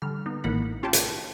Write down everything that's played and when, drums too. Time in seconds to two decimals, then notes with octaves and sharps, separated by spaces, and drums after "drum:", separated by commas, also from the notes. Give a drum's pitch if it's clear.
0.02 D3 G3 F6
0.26 B3 D#4
0.44 A1 A2 D#3 A#3 F#5 B5
0.83 C#4 F4 G4 C#5 G5 A5
0.93 drum: hi-hat